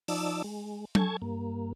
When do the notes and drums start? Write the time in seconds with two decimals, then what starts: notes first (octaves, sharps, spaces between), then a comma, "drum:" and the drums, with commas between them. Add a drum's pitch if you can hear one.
0.08 F3 D#4 D5 A5 E6, drum: open hi-hat
0.44 G#3
0.95 A4 G#5 A5 C#6 G#6, drum: tom F#3
1.22 G2 A#3